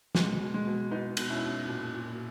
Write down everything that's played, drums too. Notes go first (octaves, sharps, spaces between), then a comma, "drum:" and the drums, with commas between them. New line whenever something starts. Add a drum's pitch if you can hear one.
B2 G#3, drum: snare
B2
G#3
B2
B2 B3 D#4
B2, drum: cymbal
C#4 E4
B2
A#2
A#2